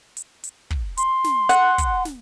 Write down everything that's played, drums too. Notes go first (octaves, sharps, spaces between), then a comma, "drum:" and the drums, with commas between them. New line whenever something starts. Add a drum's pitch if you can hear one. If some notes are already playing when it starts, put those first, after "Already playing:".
drum: hi-hat
drum: hi-hat
drum: kick
C6, drum: hi-hat
drum: snare
F#5, drum: hi-hat
drum: kick, hi-hat
drum: snare